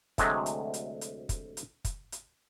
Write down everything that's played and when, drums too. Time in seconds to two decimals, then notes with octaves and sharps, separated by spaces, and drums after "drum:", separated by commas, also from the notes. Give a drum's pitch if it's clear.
0.18 D2 C3 F#3 G#3 A3, drum: kick, hi-hat
0.46 drum: hi-hat
0.74 drum: hi-hat
1.01 drum: hi-hat
1.29 drum: kick, hi-hat
1.57 drum: hi-hat
1.85 drum: kick, hi-hat
2.12 drum: hi-hat